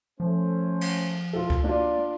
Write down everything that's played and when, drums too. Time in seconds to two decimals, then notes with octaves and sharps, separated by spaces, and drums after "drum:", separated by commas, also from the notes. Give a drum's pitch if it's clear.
0.20 F3 A3 C#4 C5
0.81 drum: cymbal
1.33 F4 A4
1.50 drum: kick C#2
1.64 A#3 D4 F4 D5